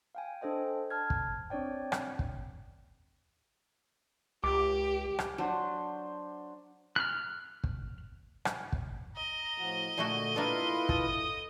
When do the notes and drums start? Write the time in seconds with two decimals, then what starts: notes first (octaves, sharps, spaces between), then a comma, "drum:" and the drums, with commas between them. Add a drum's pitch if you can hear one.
0.15 F5 G5 G#5
0.41 D4 A4 C5 D#5 G5
0.90 A5 F6 G#6
1.10 drum: kick
1.50 C4 D4 C#5 D5 G5
1.92 drum: rim click
2.19 drum: kick
4.44 C#2 G4 D6
5.19 drum: rim click
5.38 F#3 D4 C5
6.96 F6 F#6
7.64 drum: kick
8.45 drum: rim click
8.72 drum: kick
9.16 D#5 A#5
9.58 A2 F3 F#4
9.98 A#2 D3 A3 F#4
10.36 A#3 D4 E4 F4 A4 B4 C6
10.89 A4 D#6, drum: kick